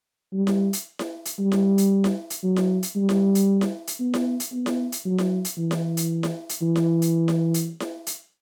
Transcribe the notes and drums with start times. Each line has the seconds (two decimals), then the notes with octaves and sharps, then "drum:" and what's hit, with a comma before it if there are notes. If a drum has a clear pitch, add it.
0.34 G3
0.47 drum: snare E4
0.73 drum: hi-hat
0.99 drum: snare E4
1.25 drum: hi-hat
1.39 G3
1.52 drum: snare E4
1.78 drum: hi-hat
2.04 drum: snare E4
2.30 drum: hi-hat
2.43 F#3
2.56 drum: snare E4
2.83 drum: hi-hat
2.96 G3
3.09 drum: snare E4
3.35 drum: hi-hat
3.61 drum: snare E4
3.87 drum: hi-hat
4.00 B3
4.14 drum: snare E4
4.40 drum: hi-hat
4.52 B3
4.66 drum: snare E4
4.92 drum: hi-hat
5.05 F#3
5.18 drum: snare E4
5.45 drum: hi-hat
5.57 E3
5.71 drum: snare E4
5.97 drum: hi-hat
6.23 drum: snare E4
6.49 drum: hi-hat
6.62 E3
6.76 drum: snare E4
7.02 drum: hi-hat
7.28 drum: snare E4
7.54 drum: hi-hat
7.80 drum: snare E4
8.07 drum: hi-hat